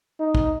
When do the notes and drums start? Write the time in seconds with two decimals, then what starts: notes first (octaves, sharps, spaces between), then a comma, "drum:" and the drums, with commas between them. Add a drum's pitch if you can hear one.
0.20 D#4
0.35 drum: kick